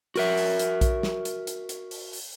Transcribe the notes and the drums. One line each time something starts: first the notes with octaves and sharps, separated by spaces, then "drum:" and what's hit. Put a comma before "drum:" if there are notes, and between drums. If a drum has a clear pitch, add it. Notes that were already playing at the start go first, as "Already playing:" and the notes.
F#4 A#4 E5, drum: open hi-hat
drum: open hi-hat
drum: hi-hat
drum: kick A#1, hi-hat
drum: snare
drum: hi-hat
drum: hi-hat
drum: hi-hat
drum: open hi-hat
drum: open hi-hat